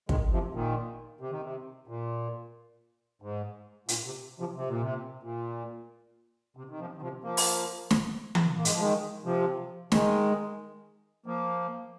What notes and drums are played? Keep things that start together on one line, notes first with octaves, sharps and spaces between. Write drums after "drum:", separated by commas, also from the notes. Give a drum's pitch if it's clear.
D#3 G#3, drum: kick
C3 F3
A#2 D#3
C3
D#3
C3
A#2
G#2
A#2, drum: hi-hat
C3
C3 F3
C3
A#2
C3
A#2
C3
D#3
C3 F3
D#3
C3 F3
F3 A#3
drum: open hi-hat
drum: snare
drum: tom E3
A#3
G#3, drum: hi-hat
F3
D#3 G#3
C3 F3
D#3 G#3, drum: snare
F3 A#3